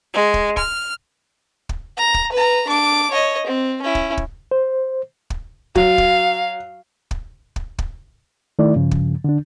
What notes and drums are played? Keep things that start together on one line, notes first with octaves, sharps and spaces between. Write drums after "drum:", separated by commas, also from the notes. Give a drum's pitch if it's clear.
G#3
drum: kick
F6, drum: kick
drum: kick
A#5
drum: kick
B4 A#5
D4 D6
C#5 D#5
C4
C#4 E4
drum: kick
drum: kick
C5
drum: kick
F#3 F5, drum: kick
drum: kick
drum: kick
drum: kick
drum: kick
D#3 A3 E4 D5
G2 C#3 F3
drum: kick
D3 D4